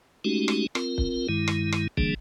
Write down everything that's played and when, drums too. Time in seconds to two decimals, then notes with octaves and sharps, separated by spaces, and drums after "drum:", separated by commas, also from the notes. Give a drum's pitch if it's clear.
0.25 G#3 A3 C#4 D#4 F#4 G4
0.48 drum: rim click
0.75 C4 F4 A#4, drum: rim click
0.98 drum: kick
1.29 G2 D#3 G#3 E4
1.48 drum: rim click
1.72 drum: rim click
1.97 D3 E3 G3 A#3 D4 G#4, drum: kick